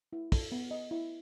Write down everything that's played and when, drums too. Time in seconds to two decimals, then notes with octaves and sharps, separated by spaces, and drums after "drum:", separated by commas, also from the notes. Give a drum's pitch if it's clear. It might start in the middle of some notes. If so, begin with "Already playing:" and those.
0.13 E4
0.32 A4, drum: kick, open hi-hat
0.52 B3
0.71 D#5
0.91 E4